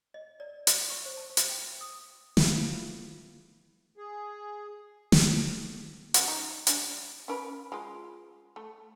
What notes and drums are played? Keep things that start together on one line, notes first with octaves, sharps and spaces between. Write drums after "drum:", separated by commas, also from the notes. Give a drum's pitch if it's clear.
D#5
D5
D5, drum: hi-hat
C#6
C5
A5
drum: hi-hat
G5
D#6
E4 F4 B4 B5, drum: snare
G#4
drum: snare
C#3 G3 F#4, drum: hi-hat
D#4
G3 D4 G#5, drum: hi-hat
C#4 A#4 B4
G#3 F4
A3